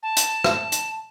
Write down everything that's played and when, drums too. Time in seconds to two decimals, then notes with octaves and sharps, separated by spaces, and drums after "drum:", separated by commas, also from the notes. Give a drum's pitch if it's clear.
0.03 A5
0.17 drum: hi-hat
0.44 drum: rim click
0.72 drum: hi-hat